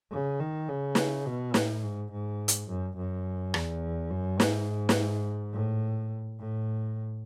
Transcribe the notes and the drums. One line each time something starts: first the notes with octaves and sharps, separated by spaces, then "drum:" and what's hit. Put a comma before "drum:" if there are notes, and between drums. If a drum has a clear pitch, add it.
C#3
D#3
C#3
drum: snare
B2
A2, drum: snare
G#2
G#2
drum: hi-hat
F#2
F#2
E2, drum: rim click
F#2
G#2, drum: snare
drum: snare
A2
A2